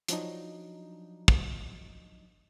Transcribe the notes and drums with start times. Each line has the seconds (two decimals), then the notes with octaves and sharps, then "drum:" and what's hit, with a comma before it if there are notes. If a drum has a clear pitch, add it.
0.08 F3 F#3 D4 D#4, drum: hi-hat
1.28 drum: kick